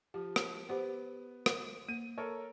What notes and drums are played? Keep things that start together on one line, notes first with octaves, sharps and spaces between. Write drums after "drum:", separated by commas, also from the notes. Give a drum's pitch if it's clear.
F3 G4
drum: rim click
B3 G4 C5 F#5
drum: rim click
A#3 D#7
A4 A#4 C#5